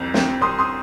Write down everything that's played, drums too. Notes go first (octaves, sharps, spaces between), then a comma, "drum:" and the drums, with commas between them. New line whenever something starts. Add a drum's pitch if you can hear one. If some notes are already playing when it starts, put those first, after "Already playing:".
Already playing: C2 F2 A#5
C4, drum: snare
C2 C6 D#6
C6 D#6